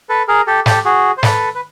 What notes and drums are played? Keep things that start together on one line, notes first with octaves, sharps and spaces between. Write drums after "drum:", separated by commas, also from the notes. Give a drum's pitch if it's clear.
A4 B4
G#4 A#4
G4 A4
G4 A4, drum: snare
F#4 G#4
C5
A4 B4, drum: snare
B4